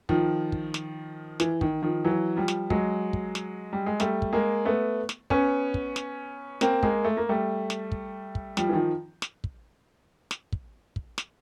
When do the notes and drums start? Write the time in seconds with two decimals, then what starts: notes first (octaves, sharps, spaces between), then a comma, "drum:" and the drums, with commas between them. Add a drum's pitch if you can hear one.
0.09 D#3 F3, drum: kick
0.52 drum: kick
0.74 drum: snare
1.40 E3, drum: snare
1.61 D#3, drum: kick
1.82 D#3 F3
2.04 E3 F#3
2.37 F3 G3
2.48 drum: snare
2.70 F#3 G#3, drum: kick
3.13 drum: kick
3.35 drum: snare
3.73 G3
3.86 G#3
4.00 G3 A3, drum: snare
4.22 drum: kick
4.33 G#3 A#3
4.65 A3 B3
5.09 drum: snare
5.30 B3 C#4, drum: kick
5.74 drum: kick
5.96 drum: snare
6.61 A#3 C4, drum: snare
6.83 G#3 A#3, drum: kick
7.04 A3
7.17 A#3
7.29 G3 A3
7.70 drum: snare
7.92 drum: kick
8.35 drum: kick
8.57 F3 G3, drum: snare
8.69 E3
8.73 D#3 F3
9.22 drum: snare
9.44 drum: kick
10.31 drum: snare
10.53 drum: kick
10.96 drum: kick
11.18 drum: snare